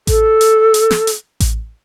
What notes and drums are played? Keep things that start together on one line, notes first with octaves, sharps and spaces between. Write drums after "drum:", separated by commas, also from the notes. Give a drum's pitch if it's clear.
A4, drum: kick A1, hi-hat
drum: hi-hat
drum: hi-hat
drum: snare
drum: hi-hat
drum: kick A1, hi-hat